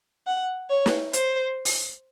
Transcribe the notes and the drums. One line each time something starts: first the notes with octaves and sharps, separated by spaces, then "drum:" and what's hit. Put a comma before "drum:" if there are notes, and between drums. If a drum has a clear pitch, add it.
F#5
C#5
drum: snare
C5, drum: hi-hat
drum: open hi-hat